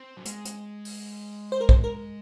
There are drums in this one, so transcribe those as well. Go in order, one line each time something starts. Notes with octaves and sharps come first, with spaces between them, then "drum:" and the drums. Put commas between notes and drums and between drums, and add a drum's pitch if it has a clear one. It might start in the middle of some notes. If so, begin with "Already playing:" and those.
Already playing: C4
F#3
G#3, drum: hi-hat
drum: hi-hat
drum: open hi-hat
C5
A#4
C5, drum: kick B1
A#4